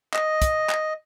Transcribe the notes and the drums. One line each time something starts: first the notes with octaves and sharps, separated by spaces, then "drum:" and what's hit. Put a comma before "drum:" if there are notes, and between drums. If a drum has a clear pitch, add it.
D#5, drum: clap
drum: kick, hi-hat
drum: clap